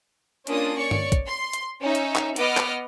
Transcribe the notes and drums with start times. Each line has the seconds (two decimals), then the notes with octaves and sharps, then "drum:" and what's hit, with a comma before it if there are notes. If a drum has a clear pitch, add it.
0.47 A#3 C#4 D4 F4 D#6, drum: hi-hat
0.78 C#5 D5 C#6
0.91 drum: tom G2
1.12 drum: kick, hi-hat
1.27 C6
1.53 drum: hi-hat
1.81 C#4 D#4 E5
1.95 drum: hi-hat
2.16 drum: clap
2.36 B3 B4 D#5 D6 F6, drum: hi-hat
2.57 drum: clap